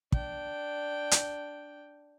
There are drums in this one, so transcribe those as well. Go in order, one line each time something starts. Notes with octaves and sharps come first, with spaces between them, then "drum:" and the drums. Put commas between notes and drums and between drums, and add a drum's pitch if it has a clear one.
D4 G5, drum: kick
drum: hi-hat